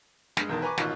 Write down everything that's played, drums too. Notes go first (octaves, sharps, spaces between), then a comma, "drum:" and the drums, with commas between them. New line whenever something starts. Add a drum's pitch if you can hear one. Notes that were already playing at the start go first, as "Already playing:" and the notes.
G2 G#3, drum: snare
B1 E2 D#3 A#4 A5
B4 G#5 A#5 C#6 D6
A1 B2 D#3 F4 C#6 F#6, drum: snare